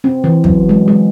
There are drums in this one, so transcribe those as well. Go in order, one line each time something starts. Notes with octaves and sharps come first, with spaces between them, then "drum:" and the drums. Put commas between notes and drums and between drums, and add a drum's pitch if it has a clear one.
C4
E3
F#3, drum: kick
G#3
G#3